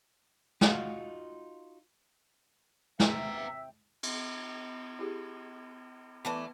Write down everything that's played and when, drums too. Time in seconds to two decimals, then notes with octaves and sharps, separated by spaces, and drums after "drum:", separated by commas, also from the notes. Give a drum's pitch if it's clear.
0.61 D#4 F4 F#4, drum: snare
3.00 C3 B3 E5 G5 A#5, drum: snare
4.03 drum: cymbal
4.99 E4 G4 G#4
6.25 E3 A3 B3 B4 D5